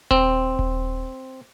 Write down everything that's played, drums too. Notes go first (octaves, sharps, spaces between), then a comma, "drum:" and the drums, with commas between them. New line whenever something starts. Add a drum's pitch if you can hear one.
C4, drum: kick D#1
drum: kick D#1